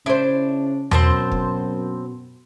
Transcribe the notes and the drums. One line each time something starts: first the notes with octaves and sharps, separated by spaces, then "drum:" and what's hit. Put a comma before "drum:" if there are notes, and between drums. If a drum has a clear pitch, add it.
C#3 D4 E4 C5
F#2 B2 C4 C5 A5, drum: tom E2
drum: kick